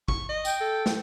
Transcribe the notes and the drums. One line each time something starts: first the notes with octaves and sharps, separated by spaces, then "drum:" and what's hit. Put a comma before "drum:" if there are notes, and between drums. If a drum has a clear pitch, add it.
C#6, drum: kick
D#5
G5, drum: tambourine
A4
drum: snare